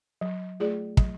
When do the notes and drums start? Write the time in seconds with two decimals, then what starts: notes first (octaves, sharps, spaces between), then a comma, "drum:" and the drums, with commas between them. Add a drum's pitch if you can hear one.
0.21 F#3
0.60 A3 F4 G#4 D5
0.97 F#3, drum: kick